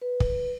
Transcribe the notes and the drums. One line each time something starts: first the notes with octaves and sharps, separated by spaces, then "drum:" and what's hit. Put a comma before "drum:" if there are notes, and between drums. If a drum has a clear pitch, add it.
B4
drum: kick